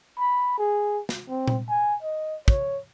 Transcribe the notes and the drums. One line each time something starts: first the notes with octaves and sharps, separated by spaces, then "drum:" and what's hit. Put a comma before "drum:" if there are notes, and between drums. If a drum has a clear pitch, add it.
B5
G#4
drum: snare
C4
drum: tom A#2
G#5
D#5
C#5, drum: kick